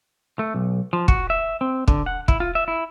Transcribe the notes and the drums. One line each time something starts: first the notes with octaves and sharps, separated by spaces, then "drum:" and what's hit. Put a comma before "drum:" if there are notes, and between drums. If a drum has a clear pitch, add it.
A3
B1
F3
F#4, drum: kick
E5
C4
D3, drum: kick
F#5
E4, drum: kick
F4
E5
E4